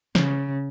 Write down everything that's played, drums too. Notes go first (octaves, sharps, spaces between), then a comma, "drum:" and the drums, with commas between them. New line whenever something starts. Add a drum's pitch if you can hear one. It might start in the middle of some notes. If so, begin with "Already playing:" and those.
C#3, drum: snare